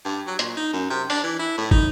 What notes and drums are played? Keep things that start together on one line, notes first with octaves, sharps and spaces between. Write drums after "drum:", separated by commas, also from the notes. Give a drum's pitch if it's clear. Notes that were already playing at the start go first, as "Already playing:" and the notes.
G2
F#3
A#2, drum: hi-hat
D#4
F#2
C3
D4, drum: open hi-hat
E3
E4
A2
D#4, drum: kick